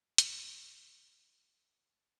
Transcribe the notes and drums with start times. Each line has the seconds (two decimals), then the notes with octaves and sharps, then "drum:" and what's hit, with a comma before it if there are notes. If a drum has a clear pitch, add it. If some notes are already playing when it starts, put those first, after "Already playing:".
0.18 B5, drum: hi-hat
1.89 A5